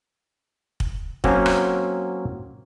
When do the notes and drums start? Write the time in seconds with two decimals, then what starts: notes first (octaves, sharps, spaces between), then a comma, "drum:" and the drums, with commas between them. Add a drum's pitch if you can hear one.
0.80 drum: kick
1.24 F#3 A#3 C4 C#4, drum: kick
1.46 drum: rim click